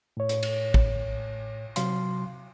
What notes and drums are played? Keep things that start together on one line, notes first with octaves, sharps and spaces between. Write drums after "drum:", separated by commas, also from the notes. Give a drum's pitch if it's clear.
A2 C#5
drum: hi-hat
drum: cymbal
drum: kick
C3 F#3 F5 C6, drum: hi-hat